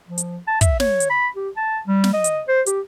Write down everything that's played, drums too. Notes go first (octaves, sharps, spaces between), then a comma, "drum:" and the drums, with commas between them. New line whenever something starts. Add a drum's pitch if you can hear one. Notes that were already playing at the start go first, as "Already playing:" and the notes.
F3
drum: hi-hat
A5
E5, drum: kick, hi-hat
C#5, drum: snare
drum: hi-hat
B5
G4
A5
G3
drum: snare
D#5
drum: hi-hat
C5
G4, drum: hi-hat